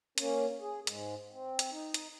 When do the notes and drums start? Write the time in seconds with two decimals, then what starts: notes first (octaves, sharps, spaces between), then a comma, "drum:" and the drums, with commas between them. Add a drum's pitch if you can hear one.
0.18 A#3 C#4, drum: hi-hat
0.61 G#4
0.87 G#2 G#3, drum: hi-hat
1.31 C4
1.59 drum: hi-hat
1.71 D#4
1.94 drum: hi-hat